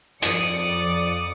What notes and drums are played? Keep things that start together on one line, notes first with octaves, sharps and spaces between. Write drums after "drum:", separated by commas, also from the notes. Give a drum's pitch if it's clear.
F2 D5 D#6 C#7, drum: hi-hat